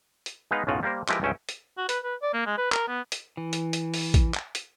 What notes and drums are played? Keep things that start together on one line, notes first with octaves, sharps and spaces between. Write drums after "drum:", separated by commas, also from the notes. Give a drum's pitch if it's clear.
drum: hi-hat
G#3 B3 D#4 B4 D#5 F5
B1 F#2 A2 C#3 F4 F#4
G3 A#3 A#4 C5
F3 G#3 E4 G4 A#4 B4, drum: clap
C#2 G2 C#4 E5 G5
drum: hi-hat
F#4
B4, drum: hi-hat
B4
D5
A#3
G#3
B4
A#4, drum: clap
B3
drum: hi-hat
E3
drum: hi-hat
drum: hi-hat
drum: open hi-hat
drum: kick A#1, hi-hat
drum: clap
drum: hi-hat